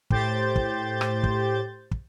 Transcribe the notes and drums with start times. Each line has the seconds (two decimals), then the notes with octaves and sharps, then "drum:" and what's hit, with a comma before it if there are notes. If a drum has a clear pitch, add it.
0.10 A2 G4 C5 G6 A6, drum: kick
0.56 drum: kick
1.01 drum: rim click
1.24 drum: kick
1.91 drum: kick